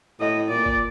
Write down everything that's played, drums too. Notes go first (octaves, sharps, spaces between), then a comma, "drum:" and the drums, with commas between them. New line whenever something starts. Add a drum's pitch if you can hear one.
A2 D#5
A#2 D5
drum: kick